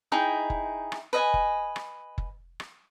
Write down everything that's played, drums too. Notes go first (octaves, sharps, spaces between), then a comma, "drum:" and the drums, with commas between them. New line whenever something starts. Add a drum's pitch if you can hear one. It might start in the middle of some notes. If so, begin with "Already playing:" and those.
D#4 E4 G#4 G5
drum: kick F#1
drum: rim click
B4 D#5 G#5
drum: kick F#1
drum: rim click
drum: kick F#1
drum: rim click